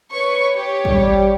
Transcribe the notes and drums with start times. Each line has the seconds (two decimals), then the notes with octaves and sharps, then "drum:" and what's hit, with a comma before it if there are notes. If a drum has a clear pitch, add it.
0.13 B4 C#5 C#6
0.55 G4 C#5
0.85 G3, drum: kick